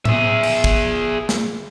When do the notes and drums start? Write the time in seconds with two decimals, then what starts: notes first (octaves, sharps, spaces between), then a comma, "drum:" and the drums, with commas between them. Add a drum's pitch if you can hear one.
0.05 G#4 E5, drum: tom A2
0.43 drum: cymbal
0.64 drum: kick
1.29 drum: snare